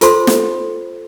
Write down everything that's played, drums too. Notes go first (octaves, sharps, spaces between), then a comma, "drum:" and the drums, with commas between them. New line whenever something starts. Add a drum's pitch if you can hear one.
F4 A4 C5 B5 C6, drum: hi-hat
drum: snare